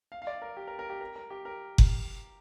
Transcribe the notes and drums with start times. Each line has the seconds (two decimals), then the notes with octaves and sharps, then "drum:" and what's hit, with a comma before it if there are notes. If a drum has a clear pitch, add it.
0.12 F5
0.22 F5
0.27 D5
0.42 A#4
0.57 G4
0.67 A#4
0.79 A#4
0.90 G4
1.01 A#4
1.16 A#4
1.30 G4
1.45 A#4
1.78 drum: kick F#1